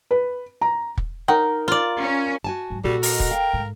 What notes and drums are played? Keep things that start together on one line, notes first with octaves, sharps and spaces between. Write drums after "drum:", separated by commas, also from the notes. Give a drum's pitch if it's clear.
B4
A#5
drum: kick
D#4 A#4 C#5 F#5 G5
F4 D5
C#4
F#4 G#5 A5
G#2 F#3
A#2 G3 F#4 A4
A#4 D#5 F#5, drum: open hi-hat
drum: kick
F5 G5
G#2